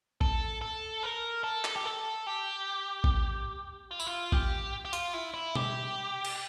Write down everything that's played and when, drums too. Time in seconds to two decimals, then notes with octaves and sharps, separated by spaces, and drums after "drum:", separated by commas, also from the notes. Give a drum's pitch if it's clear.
0.21 A4, drum: kick A1
0.62 A4
1.04 A#4
1.44 A4
1.65 drum: clap
1.76 G4
1.85 A4
2.27 G4
3.04 drum: kick A1
3.91 F4
4.00 E4, drum: tambourine
4.07 F4
4.32 G4, drum: kick A1
4.85 G4
4.93 F4, drum: hi-hat
5.14 E4
5.34 E4
5.55 G4, drum: tom B2
6.25 drum: cymbal